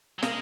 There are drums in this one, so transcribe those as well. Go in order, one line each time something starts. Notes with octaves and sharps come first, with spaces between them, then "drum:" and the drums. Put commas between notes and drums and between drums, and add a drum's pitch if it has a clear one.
F#3
G#3 A#3, drum: snare